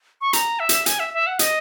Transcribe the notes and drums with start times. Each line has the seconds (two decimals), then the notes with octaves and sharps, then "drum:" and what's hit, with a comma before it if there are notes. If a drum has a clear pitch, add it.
0.21 C#6
0.33 A#5, drum: hi-hat
0.60 E5
0.69 drum: hi-hat
0.86 G#5, drum: hi-hat
1.00 E5
1.14 E5
1.27 F#5
1.39 D#5, drum: hi-hat